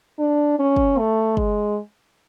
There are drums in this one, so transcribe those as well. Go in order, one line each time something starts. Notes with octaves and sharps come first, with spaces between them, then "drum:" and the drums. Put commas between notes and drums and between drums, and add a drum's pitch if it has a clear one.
D4
C#4
drum: kick
A3
G#3, drum: kick